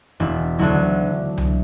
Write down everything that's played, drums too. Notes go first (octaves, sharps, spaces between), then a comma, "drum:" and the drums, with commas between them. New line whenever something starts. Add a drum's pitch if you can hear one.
E1 E4
D2 D3 F#3 E4
drum: tom C2